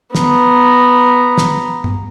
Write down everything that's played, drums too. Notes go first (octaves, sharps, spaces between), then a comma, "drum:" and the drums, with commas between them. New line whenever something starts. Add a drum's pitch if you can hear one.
B3 A#5, drum: snare
drum: snare
drum: tom